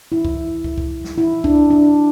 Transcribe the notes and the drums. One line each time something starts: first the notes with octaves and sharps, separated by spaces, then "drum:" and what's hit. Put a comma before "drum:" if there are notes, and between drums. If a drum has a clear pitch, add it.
E4
drum: kick
drum: kick
drum: kick
drum: snare
E4
D4, drum: kick
D4